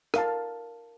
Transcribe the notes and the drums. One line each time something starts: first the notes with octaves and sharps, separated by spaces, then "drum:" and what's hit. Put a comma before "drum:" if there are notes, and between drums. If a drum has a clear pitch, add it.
A#4 F5 A5, drum: rim click